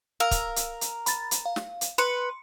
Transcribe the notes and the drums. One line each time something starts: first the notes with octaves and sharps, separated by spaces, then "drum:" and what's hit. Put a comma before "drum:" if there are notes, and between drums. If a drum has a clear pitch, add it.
A#4 F5 E6
drum: kick, hi-hat
drum: hi-hat
drum: hi-hat
B5 A6, drum: hi-hat
drum: hi-hat
F5
drum: snare
drum: hi-hat
B4 C6 C#7